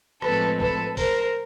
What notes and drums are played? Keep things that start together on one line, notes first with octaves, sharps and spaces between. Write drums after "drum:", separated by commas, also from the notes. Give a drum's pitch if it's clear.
A2 F3 G#3 C4 A4 B4, drum: rim click
A4 B4, drum: kick
A#4 C5, drum: kick, open hi-hat